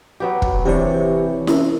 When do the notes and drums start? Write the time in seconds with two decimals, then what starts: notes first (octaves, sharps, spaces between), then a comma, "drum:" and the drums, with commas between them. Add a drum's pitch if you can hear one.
0.20 F#3 B3 G4
0.42 drum: kick
0.66 C3 E3 D4 G4 C#5
1.47 C#4 E4 A#4, drum: snare E4